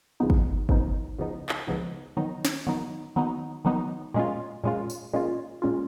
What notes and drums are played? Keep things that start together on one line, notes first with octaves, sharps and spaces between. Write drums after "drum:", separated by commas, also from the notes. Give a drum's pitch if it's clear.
C#2 C#3 F3 B3 D#4
drum: kick
C#2 C#3 F3 B3 D#4, drum: kick
C#2 C#3 F3 B3 D#4
drum: clap
C#2 C#3 F3 B3 D#4
D#3 F#3 B3 D#4
drum: snare
D#3 F#3 B3 D#4
D#3 F#3 B3 D#4
D#3 F#3 B3 D#4
A#2 G#3 C#4 F4
A#2 G#3 C#4 F4
drum: tambourine
A#2 G#3 C#4 F4
A#2 G#3 C#4 F4